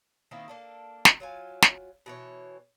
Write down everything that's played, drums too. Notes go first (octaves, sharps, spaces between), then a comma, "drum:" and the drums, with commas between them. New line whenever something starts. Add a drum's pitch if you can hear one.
D#3 A#3 C4 E4
A#3 D4 A4
drum: snare
F#3 F4 G#5
drum: snare
B2 E3 C#5